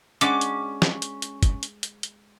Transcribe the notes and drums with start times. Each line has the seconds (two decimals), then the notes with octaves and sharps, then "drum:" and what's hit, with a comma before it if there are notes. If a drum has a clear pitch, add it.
0.21 G#3 C#4 D4 F#4 D6, drum: hi-hat
0.41 drum: hi-hat
0.82 drum: snare
1.02 drum: hi-hat
1.22 drum: hi-hat
1.43 drum: kick, hi-hat
1.63 drum: hi-hat
1.83 drum: hi-hat
2.03 drum: hi-hat